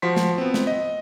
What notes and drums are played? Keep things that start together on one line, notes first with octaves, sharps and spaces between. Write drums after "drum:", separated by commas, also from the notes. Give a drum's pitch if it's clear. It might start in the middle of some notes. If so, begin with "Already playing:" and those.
F3 F#4 C6 B6
drum: snare
B3 C4
drum: snare
D#5